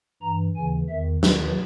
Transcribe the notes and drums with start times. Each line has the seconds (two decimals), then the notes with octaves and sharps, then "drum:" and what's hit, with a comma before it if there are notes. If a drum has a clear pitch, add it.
0.22 G2 E3 A#5
0.56 D#2 C#3 E3 G#5
0.89 E2 D#3 E5
1.23 D#2 D#3 B4, drum: snare